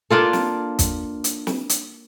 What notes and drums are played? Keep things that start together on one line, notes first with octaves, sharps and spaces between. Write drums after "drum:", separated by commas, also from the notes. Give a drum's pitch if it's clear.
A#3 D4 F4 A4
drum: snare
drum: kick, hi-hat
drum: hi-hat
drum: snare
drum: hi-hat